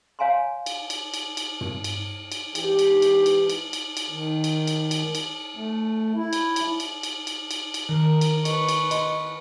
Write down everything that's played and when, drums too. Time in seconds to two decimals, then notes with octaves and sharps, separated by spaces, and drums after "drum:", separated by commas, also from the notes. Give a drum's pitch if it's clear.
0.19 C#5 F5 G#5 A#5 C6
0.66 drum: cymbal
0.90 drum: cymbal
1.14 drum: cymbal
1.37 drum: cymbal
1.61 drum: tom
1.84 drum: cymbal
2.32 drum: cymbal
2.55 G#2 E3 G4, drum: cymbal
2.79 drum: cymbal
3.02 drum: cymbal
3.26 drum: cymbal
3.50 drum: cymbal
3.73 drum: cymbal
3.97 drum: cymbal
4.10 D#3
4.44 drum: cymbal
4.67 drum: cymbal
4.91 drum: cymbal
5.15 drum: cymbal
5.56 A3
6.16 E4
6.33 drum: cymbal
6.56 drum: cymbal
6.80 drum: cymbal
7.03 drum: cymbal
7.27 drum: cymbal
7.51 drum: cymbal
7.74 drum: cymbal
7.89 D#3 A#4
8.21 drum: cymbal
8.45 B4 D#5 C#6, drum: cymbal
8.69 drum: cymbal
8.91 D#5 C6, drum: cymbal